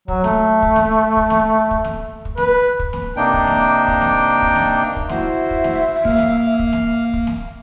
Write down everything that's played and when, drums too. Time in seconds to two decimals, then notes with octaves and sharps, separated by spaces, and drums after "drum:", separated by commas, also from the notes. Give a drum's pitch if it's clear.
0.08 F#3, drum: kick
0.24 A3, drum: snare
0.62 drum: kick
0.76 drum: snare
1.17 drum: kick
1.30 drum: snare
1.71 drum: kick
1.84 drum: snare
2.25 drum: kick
2.37 B4, drum: snare
2.79 drum: kick
2.93 drum: snare
3.17 C3 A#3 D4 D#4 G5
3.34 drum: kick
3.47 drum: snare
3.88 drum: kick
4.01 drum: snare
4.42 drum: kick
4.56 drum: snare
4.96 drum: kick
5.09 E4 F#4 C5 E5, drum: snare
5.51 drum: kick
5.64 drum: snare
6.05 A#3 F5, drum: kick
6.18 drum: snare
6.59 drum: kick
6.73 drum: snare
7.13 drum: kick
7.27 drum: snare